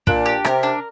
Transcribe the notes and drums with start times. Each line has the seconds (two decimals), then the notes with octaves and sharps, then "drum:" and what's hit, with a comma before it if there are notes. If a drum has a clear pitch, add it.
0.07 A#2 D4, drum: kick
0.26 G4
0.45 C3 A#4, drum: rim click
0.63 D4